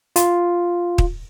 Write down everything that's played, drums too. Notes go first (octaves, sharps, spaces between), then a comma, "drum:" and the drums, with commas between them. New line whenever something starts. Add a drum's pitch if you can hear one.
F4, drum: hi-hat
drum: kick